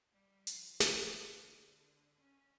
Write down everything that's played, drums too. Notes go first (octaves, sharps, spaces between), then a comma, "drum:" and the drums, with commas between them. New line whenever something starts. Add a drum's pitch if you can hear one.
G3
F3, drum: hi-hat
F3, drum: snare
D3
D3
C#4